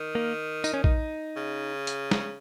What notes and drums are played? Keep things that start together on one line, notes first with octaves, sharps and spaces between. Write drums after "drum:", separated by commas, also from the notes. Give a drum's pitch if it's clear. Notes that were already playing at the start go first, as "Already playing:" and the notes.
Already playing: D#3
A#3
D#4, drum: tambourine
C#4
D#4, drum: kick A#1
C#3
drum: hi-hat
drum: snare